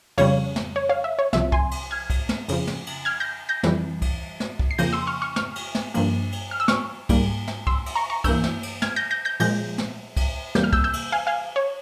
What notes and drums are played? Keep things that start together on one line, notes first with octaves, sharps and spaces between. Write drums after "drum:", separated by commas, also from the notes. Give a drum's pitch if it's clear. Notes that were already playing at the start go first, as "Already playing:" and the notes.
F2 C#3 G3 C#5 F5, drum: cymbal
drum: snare
C#5
C#5 F5
E5
C#5
C2 C3 F3 E5, drum: snare
G#5 C6, drum: kick
drum: cymbal
F6 G#6
drum: kick, cymbal
drum: snare
F2 C#3 F3, drum: cymbal
drum: snare
drum: cymbal
F6 G#6
G6 A#6
G6 A#6
F2 E3 G3, drum: snare
drum: kick, cymbal
drum: snare
drum: kick
C7
F2 C#3 F3 A#3 G6 A#6, drum: cymbal
C6 E6
C#6 F6
C#6 F6
C#6 F6, drum: snare
drum: cymbal
drum: snare
G2 F3 A#3, drum: cymbal
drum: cymbal
F6
E6
C#6 F6, drum: snare
G#2 G3 A#3, drum: kick, cymbal
drum: snare
C6 E6, drum: kick
drum: cymbal
A#5 C#6
A#5 C#6
G2 E3 A#3 E6 G6, drum: kick, cymbal
drum: snare
drum: cymbal
F6 G#6, drum: snare
G6 A#6
G6 A#6
G6 A#6
A#2 F3 G#3 G6 A#6, drum: cymbal
drum: snare
drum: kick, cymbal
E2 C3 G3 A#3 G6, drum: snare
F6
E6 G6, drum: kick
E6 G6
drum: cymbal
F5 G#5
F5 G#5
C#5